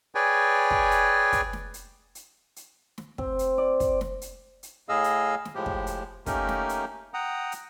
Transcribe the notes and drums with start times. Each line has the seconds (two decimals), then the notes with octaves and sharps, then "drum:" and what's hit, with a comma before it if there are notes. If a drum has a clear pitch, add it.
0.15 G#4 B4 C#5 D5 G5 G#5
0.71 drum: kick
0.91 drum: hi-hat
1.32 drum: kick, hi-hat
1.53 drum: snare
1.74 drum: hi-hat
2.15 drum: hi-hat
2.56 drum: hi-hat
2.98 drum: snare
3.18 C4, drum: kick
3.39 drum: hi-hat
3.58 D5
3.80 drum: kick, hi-hat
4.01 drum: snare
4.21 drum: hi-hat
4.63 drum: hi-hat
4.89 A2 G#4 D#5 F5 E6
5.04 drum: hi-hat
5.45 drum: snare
5.55 A2 F3 G#3 G4
5.66 drum: kick
5.87 drum: hi-hat
6.26 A3 A#3 C#4 D#4 G4 A#4, drum: kick, hi-hat
6.49 drum: snare
6.69 drum: hi-hat
7.14 F#5 G5 A#5 D#6
7.52 drum: hi-hat